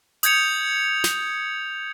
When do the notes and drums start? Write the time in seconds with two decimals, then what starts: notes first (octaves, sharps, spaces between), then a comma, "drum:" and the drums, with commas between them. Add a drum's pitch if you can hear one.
0.23 D#6 G6 G#6 C#7 F7, drum: hi-hat
1.04 drum: snare